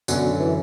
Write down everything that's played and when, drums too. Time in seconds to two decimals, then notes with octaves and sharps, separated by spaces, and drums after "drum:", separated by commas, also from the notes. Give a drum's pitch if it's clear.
0.08 F#2 B2 D3 F#3, drum: tambourine
0.39 E3